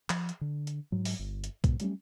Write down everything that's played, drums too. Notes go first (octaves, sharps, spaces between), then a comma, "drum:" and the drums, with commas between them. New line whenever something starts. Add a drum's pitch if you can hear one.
F3, drum: clap
drum: hi-hat
D3
drum: hi-hat
G#2 F#3
drum: open hi-hat
G1
drum: hi-hat
G#2 B2, drum: kick B1, hi-hat
F#3 G3 A3 C#4, drum: hi-hat